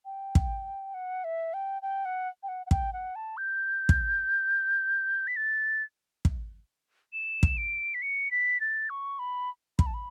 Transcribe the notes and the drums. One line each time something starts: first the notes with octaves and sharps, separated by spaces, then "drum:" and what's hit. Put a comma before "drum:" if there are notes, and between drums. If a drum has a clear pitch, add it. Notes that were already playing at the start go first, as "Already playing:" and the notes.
G5
drum: kick
F#5
E5
G5
G5
F#5
G5
F#5
F#5
G5, drum: kick
F#5
A5
G6
drum: kick
B6
A6
drum: kick
E7
drum: kick
D7
B6
C#7
B6
A6
C#6
B5
B5, drum: kick
A5
B5